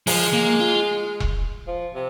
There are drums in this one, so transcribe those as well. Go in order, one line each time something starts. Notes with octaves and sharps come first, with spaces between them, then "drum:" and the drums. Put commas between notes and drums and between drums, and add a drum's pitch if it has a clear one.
F3 G#3, drum: open hi-hat
A#3
F4
drum: kick E1
F3
C3